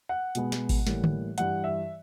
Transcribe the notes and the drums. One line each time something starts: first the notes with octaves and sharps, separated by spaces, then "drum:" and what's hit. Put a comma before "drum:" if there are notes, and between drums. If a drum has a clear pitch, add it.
F#5
B2 G#3 B3, drum: hi-hat
drum: snare
drum: kick G#1, open hi-hat
A2 E3 G3 A#3, drum: snare
drum: tom D3
G2 E3 G3 F#5, drum: hi-hat
E5